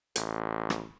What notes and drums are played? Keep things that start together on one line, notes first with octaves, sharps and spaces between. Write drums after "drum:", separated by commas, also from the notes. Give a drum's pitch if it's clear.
A1, drum: hi-hat
drum: rim click